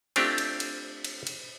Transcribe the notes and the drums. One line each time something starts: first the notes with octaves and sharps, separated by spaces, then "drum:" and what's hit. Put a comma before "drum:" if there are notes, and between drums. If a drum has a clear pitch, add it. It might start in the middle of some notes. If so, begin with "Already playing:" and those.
A3 C4 D4 E4 F4 G4, drum: cymbal
drum: cymbal
drum: cymbal
drum: cymbal
drum: cymbal